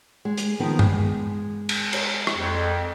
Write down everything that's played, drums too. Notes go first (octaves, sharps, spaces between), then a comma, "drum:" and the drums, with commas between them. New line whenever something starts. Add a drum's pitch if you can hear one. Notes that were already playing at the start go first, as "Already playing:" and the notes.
G#3
drum: hi-hat
D#3 F3 B3
G#3, drum: tom G2
drum: cymbal
drum: cymbal
drum: rim click
F2